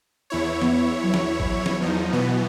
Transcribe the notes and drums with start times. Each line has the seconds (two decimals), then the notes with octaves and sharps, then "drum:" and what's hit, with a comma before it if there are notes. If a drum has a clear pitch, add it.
0.30 E2 E4 C#5
0.62 B3, drum: snare
1.03 F#3
1.14 drum: snare
1.40 drum: kick G#1
1.66 drum: snare
1.80 E2 F3 D#4
2.12 B2 E3 B3